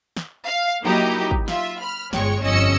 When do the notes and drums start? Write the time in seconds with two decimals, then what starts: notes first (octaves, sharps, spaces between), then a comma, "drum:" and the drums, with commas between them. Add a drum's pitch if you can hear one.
0.17 drum: snare
0.45 F5
0.83 F#3 A#3 D#4 E4 G4
1.31 drum: kick
1.48 F4 E5, drum: snare
1.80 B5 F6
2.13 G1 G#3 C#5 G5 C#6, drum: snare
2.41 G1 F2 C#4 D#5 E6 C#7